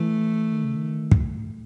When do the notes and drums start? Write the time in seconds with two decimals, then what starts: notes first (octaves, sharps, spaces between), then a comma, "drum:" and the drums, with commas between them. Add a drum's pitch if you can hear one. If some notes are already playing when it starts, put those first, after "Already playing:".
Already playing: E3 A3
0.52 D#3
0.64 C#3
0.76 D#3
1.12 drum: kick